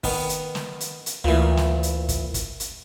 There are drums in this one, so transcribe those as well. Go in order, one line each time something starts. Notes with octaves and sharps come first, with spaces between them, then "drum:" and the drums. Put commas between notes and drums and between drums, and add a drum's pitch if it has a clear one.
D#3 B3, drum: kick, open hi-hat
drum: hi-hat
drum: snare
drum: hi-hat
drum: hi-hat
D2 A#2 E3
drum: snare
drum: hi-hat
drum: kick, hi-hat
drum: kick, hi-hat
drum: hi-hat